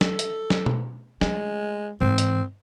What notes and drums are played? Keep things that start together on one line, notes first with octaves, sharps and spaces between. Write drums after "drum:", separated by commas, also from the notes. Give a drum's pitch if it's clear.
A4, drum: snare
drum: hi-hat
drum: snare
drum: tom B2
G#3 A3, drum: snare
G#2 E3 C4
drum: hi-hat